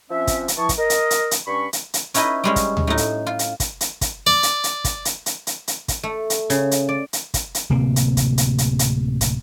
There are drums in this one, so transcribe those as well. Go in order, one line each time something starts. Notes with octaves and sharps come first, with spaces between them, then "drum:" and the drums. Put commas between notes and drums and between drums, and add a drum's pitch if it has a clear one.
F3 C4 C#4 E5
drum: kick, hi-hat
drum: hi-hat
E3 F3 E4 A5 C#6
drum: kick, hi-hat
A#4 D#5
drum: hi-hat
drum: hi-hat
drum: hi-hat
G2 C#4 B5 C#6
drum: hi-hat
drum: hi-hat
C#4 D#4 E4 B4 D#5, drum: hi-hat
G3 G#3 C#4
drum: kick, hi-hat
drum: tom D2
A2 D#4
drum: hi-hat
F4
drum: hi-hat
drum: kick, hi-hat
drum: hi-hat
drum: kick, hi-hat
D5
drum: hi-hat
drum: hi-hat
drum: kick, hi-hat
drum: hi-hat
drum: hi-hat
drum: hi-hat
drum: hi-hat
drum: kick, hi-hat
A3
drum: hi-hat
C#3, drum: hi-hat
drum: hi-hat
D5
drum: hi-hat
drum: kick, hi-hat
drum: hi-hat
D1 C3 A#3
drum: hi-hat
drum: kick, hi-hat
drum: hi-hat
drum: hi-hat
drum: hi-hat
drum: kick, hi-hat